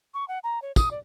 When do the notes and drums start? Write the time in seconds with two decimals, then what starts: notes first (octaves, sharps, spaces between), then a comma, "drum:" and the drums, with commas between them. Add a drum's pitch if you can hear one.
0.14 C#6
0.28 F#5
0.43 A#5
0.62 C#5
0.76 D#6, drum: kick, tambourine
0.91 D5